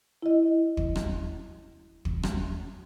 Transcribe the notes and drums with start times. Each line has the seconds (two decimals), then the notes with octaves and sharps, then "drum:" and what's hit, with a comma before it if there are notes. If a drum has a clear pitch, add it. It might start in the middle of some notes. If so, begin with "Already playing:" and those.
0.22 E4 D#5
0.77 drum: kick
0.96 drum: rim click
2.05 drum: kick
2.23 drum: rim click